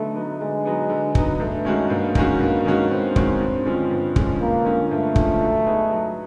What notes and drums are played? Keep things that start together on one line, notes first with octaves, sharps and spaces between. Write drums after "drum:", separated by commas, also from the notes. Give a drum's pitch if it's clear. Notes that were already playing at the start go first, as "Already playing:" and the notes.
Already playing: D3 F#3 A3 B3 D#4
F#3 B3 D#4
D3 G#3
F#3 B3 D#4
D3
F#3 B3 D#4, drum: kick
G2 A3
D#3 G#3 C#4 F#4
G2 A#3
D#3 G#3 C#4 F#4, drum: kick
G2 A#3
D#3 G#3 C#4 F#4
G2 C4
D#3 G#3 C#4 F#4, drum: kick
G2
D3 F3 G#3 C#4
G2
D3 F3 G#3 C#4, drum: kick
G2 A#3
D3 F3 G#3 C#4
G2 A3
D3 F3 G#3 C#4, drum: kick
F#3
B3 D#4 G#4
F#3